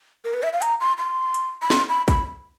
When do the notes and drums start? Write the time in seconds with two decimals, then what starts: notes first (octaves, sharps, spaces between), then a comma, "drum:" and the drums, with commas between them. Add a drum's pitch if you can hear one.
0.24 A#4
0.34 B4
0.43 E5
0.53 F5
0.62 A#5, drum: hi-hat
0.80 C6
0.98 C6
1.34 drum: hi-hat
1.62 B5
1.70 C6, drum: snare
1.89 B5
2.08 B5, drum: kick, hi-hat